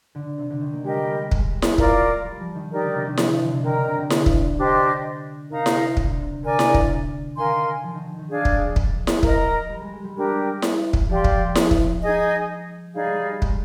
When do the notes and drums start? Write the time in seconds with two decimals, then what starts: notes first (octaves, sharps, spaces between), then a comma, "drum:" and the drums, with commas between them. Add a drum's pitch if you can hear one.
0.15 D3
0.38 C3
0.50 D3
0.61 D#3
0.73 A#3
0.84 G#3 G4 A#4 D#5
0.96 G3
1.08 G#3
1.20 A#3
1.31 G#3, drum: kick
1.62 drum: snare E4
1.78 F4 A#4 D5, drum: kick
2.25 G3
2.40 F3
2.55 D#3
2.71 D#4 G4 A#4 D5
2.83 D3
2.94 C3
3.06 D#3
3.17 F3, drum: snare E4
3.29 D#3
3.41 D3
3.52 C3
3.64 D3 A#4 D#5 G5 A#5
3.76 C3
3.87 C3
3.99 D3
4.10 D3, drum: snare E4
4.26 drum: kick
4.57 D4 G4 C5 D#5
5.50 C3 D#4 A#4 F5 A#5
5.66 drum: snare E4
5.97 D3, drum: kick
6.20 C3
6.43 D3 A#4 D5 G#5
6.59 drum: snare E4
6.74 drum: kick
7.36 D#3 A#4 F5 G#5 C6
7.84 F3
7.95 D#3
8.18 D#3
8.29 F3 D4 G#4 D5 F5
8.45 drum: kick
8.76 drum: kick
9.07 drum: snare E4
9.23 A#4 D#5 A#5, drum: kick
9.69 G3
9.81 G#3
9.93 G#3
10.04 G3
10.16 G#3 D4 G4 A#4
10.62 drum: snare E4
10.93 drum: kick
11.09 F3 G4 D5 F5 C6
11.24 drum: kick
11.55 drum: snare E4
11.71 drum: kick
12.03 D#4 G#4 D#5 G#5
12.95 G3 D#4 G#4 D5 F5
13.07 G#3
13.19 G3
13.42 G#3, drum: kick